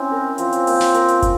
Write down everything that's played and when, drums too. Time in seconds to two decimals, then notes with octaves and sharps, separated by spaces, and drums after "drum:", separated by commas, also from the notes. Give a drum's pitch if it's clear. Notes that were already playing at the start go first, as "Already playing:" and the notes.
Already playing: C4 C#4 E4
0.11 A#4
0.38 F3 C4, drum: hi-hat
0.53 drum: hi-hat
0.67 A#3, drum: open hi-hat
0.80 drum: snare
0.94 A#4, drum: hi-hat
1.08 drum: hi-hat
1.22 drum: kick, hi-hat